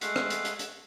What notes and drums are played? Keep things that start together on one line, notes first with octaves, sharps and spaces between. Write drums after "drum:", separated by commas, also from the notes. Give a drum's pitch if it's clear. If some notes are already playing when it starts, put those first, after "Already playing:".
G#3 A3 F5 F#5, drum: hi-hat
drum: rim click
drum: hi-hat
drum: hi-hat
drum: hi-hat